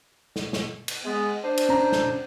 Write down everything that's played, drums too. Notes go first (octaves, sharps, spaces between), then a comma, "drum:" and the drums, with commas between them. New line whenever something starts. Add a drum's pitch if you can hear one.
drum: snare
drum: snare
drum: cymbal
G#3 B3
D4 C5
drum: cymbal
C#4 A#5
drum: snare